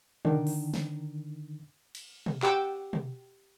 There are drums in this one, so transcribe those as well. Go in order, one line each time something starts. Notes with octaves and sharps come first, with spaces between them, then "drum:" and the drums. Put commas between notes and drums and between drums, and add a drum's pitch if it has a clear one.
D3 D#3 D4 D#4, drum: tom
drum: open hi-hat
drum: snare
drum: cymbal
drum: tom
G4 F#5 G5 D6 E6, drum: clap
drum: tom